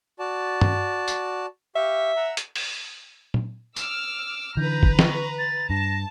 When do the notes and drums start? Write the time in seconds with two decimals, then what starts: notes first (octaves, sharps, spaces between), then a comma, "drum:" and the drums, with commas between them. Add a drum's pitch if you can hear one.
0.19 F#4 D5 A5
0.61 drum: tom G2
1.08 drum: tambourine
1.75 G4 E5 F5 C#6
2.16 F#5 A#5 E6
2.37 drum: hi-hat
2.56 drum: open hi-hat
3.34 drum: tom
3.76 D6 E6 F6, drum: tambourine
4.57 D3 E3 B4 A#5 G6
4.83 drum: kick
4.99 C#6, drum: snare
5.39 A6
5.70 G2 A5 A#6